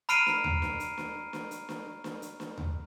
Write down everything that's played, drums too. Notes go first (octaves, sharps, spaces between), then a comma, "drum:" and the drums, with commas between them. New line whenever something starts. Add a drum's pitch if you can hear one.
A#5 B5 F6 C7 D7 D#7, drum: hi-hat
drum: snare
drum: tom D#2
drum: snare
drum: hi-hat
drum: snare
drum: snare
drum: hi-hat
drum: snare
drum: snare
drum: hi-hat
drum: snare
drum: tom D#2